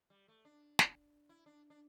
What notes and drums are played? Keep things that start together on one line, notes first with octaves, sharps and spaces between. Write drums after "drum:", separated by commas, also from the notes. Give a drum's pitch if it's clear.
G3
A3
D4
drum: snare
E4
D4
D4